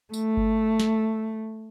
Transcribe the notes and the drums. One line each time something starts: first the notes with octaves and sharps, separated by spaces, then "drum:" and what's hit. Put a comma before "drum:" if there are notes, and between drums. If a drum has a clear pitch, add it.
A3, drum: tambourine
drum: kick G1
drum: snare